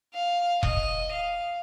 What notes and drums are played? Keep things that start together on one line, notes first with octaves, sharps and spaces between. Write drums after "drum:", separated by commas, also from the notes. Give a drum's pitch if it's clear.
F5
D#5, drum: kick E1
F5